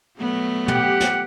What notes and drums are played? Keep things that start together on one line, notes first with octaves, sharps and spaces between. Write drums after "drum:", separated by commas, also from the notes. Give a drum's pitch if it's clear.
F#3 A3 B3
G4 F#5, drum: tom
drum: snare